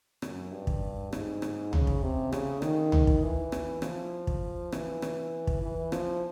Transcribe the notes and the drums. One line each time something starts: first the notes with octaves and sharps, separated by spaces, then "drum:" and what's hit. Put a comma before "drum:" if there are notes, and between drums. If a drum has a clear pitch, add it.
F#2, drum: rim click
G2
drum: kick
G#2, drum: rim click
drum: rim click
C#3, drum: tom B1
drum: kick
C3
C#3, drum: rim click
D#3, drum: rim click
drum: tom B1
drum: kick
E3
drum: rim click
F3, drum: rim click
drum: kick
E3, drum: rim click
drum: rim click
drum: kick
E3
F3, drum: rim click